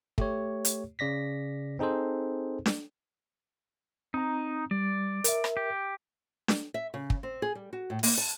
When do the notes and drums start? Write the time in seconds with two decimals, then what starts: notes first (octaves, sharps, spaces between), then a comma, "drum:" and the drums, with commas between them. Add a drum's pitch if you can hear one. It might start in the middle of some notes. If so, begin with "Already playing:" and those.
0.18 A3 G4 C#5, drum: kick
0.65 drum: hi-hat
0.99 C#3 D5 A#6 B6
1.79 C4 D#4 G#4 A4 C5
2.66 drum: snare D4
4.14 C4 D#4 A#5
4.71 G3 D5
5.24 A#4 E5, drum: hi-hat
5.44 drum: rim click
5.57 G4
6.48 drum: snare D4
6.74 E5
6.94 C#3
7.10 drum: kick
7.23 C4
7.42 G#4
7.55 G3
7.73 F#4
7.90 A2
8.03 A#3, drum: open hi-hat
8.18 A5